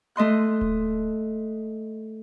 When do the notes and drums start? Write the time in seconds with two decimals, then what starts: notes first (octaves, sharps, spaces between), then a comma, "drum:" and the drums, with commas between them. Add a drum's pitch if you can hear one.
0.16 A3 D#5 C6 F#6
0.61 drum: kick D1